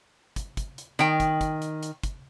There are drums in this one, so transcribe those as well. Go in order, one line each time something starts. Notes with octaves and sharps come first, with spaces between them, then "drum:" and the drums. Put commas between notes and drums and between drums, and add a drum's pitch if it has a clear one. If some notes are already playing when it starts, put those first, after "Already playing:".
drum: kick, hi-hat
drum: kick, hi-hat
drum: hi-hat
D#3 G5, drum: hi-hat
drum: kick, hi-hat
drum: kick, hi-hat
drum: hi-hat
drum: hi-hat
drum: kick, hi-hat